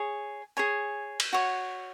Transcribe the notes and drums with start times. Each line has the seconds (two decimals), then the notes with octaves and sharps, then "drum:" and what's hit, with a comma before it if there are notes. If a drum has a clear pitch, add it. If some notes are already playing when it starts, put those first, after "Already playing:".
Already playing: G#4 C#5
0.57 G#4 C#5 G#5
1.20 drum: cymbal
1.33 F#4 C#5